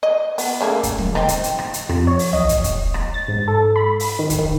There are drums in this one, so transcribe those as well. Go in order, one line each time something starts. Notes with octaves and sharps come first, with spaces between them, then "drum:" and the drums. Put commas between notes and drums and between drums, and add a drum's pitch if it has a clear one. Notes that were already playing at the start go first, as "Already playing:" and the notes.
D#5
B3, drum: open hi-hat
C#3 A3 A#3
drum: kick, hi-hat
drum: tom
C4 D#4, drum: rim click
drum: hi-hat
drum: hi-hat
drum: rim click
drum: hi-hat
F2, drum: rim click
C#5
drum: open hi-hat
D#5, drum: tom
drum: kick, hi-hat
drum: kick, hi-hat
drum: rim click
A6
G#2
A4
B5
drum: open hi-hat
D#3
drum: kick, hi-hat
D#3